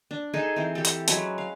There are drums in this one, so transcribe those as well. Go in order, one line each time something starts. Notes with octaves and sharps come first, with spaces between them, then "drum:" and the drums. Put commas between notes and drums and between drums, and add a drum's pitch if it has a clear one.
D4
D#4 G#4 A4 C6
E3 C4
G4 A4
drum: hi-hat
F#3 G#3 C#4 B4, drum: hi-hat
F5